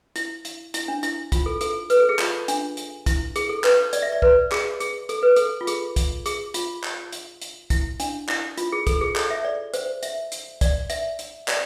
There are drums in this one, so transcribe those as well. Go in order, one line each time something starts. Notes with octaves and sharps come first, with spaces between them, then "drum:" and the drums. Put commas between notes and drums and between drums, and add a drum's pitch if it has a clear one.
E4, drum: hi-hat
drum: hi-hat
E4, drum: hi-hat
D4
E4, drum: hi-hat
F4, drum: kick, hi-hat
A4
A4, drum: hi-hat
B4, drum: hi-hat
A4
G#4
F4, drum: clap
D4, drum: hi-hat
drum: hi-hat
E4, drum: kick, hi-hat
G#4, drum: hi-hat
A4
B4, drum: clap
D5, drum: hi-hat
E5
D5
B4, drum: kick
G#4, drum: clap
G#4, drum: hi-hat
A4, drum: hi-hat
B4
A4, drum: hi-hat
F4
G#4, drum: hi-hat
drum: kick, hi-hat
G#4, drum: hi-hat
F4, drum: hi-hat
drum: clap
drum: hi-hat
drum: hi-hat
E4, drum: kick, hi-hat
D4, drum: hi-hat
E4, drum: clap
F4, drum: hi-hat
G#4
A4, drum: kick, hi-hat
G#4
A4, drum: clap
E5
D5
C5, drum: hi-hat
E5, drum: hi-hat
drum: hi-hat
D5, drum: kick, hi-hat
E5, drum: hi-hat
drum: hi-hat
D5, drum: clap